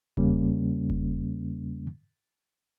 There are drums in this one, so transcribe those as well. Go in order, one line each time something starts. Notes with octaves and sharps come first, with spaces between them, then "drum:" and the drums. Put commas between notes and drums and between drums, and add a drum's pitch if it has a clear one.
E2 C#3 G3 A#3 C#4, drum: kick F1
drum: kick F1